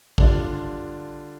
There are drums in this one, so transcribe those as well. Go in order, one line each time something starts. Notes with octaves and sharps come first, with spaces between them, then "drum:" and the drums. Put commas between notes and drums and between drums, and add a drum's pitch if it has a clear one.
D3 G3 D4 F4, drum: kick A1